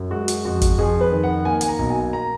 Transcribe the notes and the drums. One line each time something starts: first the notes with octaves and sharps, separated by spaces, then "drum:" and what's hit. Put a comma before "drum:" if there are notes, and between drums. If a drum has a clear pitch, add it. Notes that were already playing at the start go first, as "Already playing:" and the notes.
Already playing: F#2
G#3 F#4
drum: hi-hat
F2 F#4
drum: kick G1, hi-hat
F2 G#4
B4
D#3
F#5
A#3 G#5
G#5, drum: hi-hat
A#5
B1
G#5
A#5